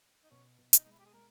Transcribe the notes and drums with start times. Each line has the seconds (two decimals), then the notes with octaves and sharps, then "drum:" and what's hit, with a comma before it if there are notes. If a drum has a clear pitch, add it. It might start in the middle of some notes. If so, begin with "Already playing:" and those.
0.23 D#4
0.31 B2 C#4
0.59 B2
0.73 D#4, drum: hi-hat
0.84 G#3 D#4
0.91 E4
0.99 G4
1.06 G#4
1.14 G#3 A#4